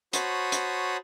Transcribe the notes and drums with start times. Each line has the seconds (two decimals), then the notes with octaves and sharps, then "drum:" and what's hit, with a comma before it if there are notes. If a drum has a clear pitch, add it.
0.13 F#4 C5 C#5 A5 B5 D#6, drum: hi-hat
0.52 drum: hi-hat